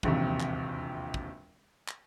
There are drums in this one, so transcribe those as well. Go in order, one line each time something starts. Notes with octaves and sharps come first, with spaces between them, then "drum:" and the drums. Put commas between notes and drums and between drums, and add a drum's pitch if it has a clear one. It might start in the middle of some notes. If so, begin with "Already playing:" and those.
E1 A#1 D#2 C3, drum: kick
drum: clap
drum: kick
drum: clap